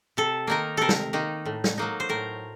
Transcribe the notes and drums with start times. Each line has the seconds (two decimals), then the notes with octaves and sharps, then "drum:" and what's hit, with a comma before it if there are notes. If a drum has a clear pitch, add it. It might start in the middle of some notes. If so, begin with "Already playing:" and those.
0.17 C3 A4
0.47 D#3 A#3 D#4 A#4
0.77 C3 A4 A#4
0.89 drum: snare
1.13 D#3 A#3 D#4
1.46 A2
1.64 drum: snare
1.78 F#3 A#3 D#4
2.00 C5
2.09 A2 A#4